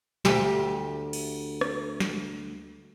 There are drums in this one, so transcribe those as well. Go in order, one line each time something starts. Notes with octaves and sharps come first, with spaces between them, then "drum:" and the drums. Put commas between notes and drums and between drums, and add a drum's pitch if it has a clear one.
D2 G4, drum: snare
drum: cymbal
drum: rim click
drum: snare